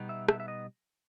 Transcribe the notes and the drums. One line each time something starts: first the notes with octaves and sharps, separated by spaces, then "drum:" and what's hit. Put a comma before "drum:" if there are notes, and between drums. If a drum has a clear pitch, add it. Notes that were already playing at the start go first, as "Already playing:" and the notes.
Already playing: B2 G3 B3 D#4
E5
E5, drum: rim click
E5
D#5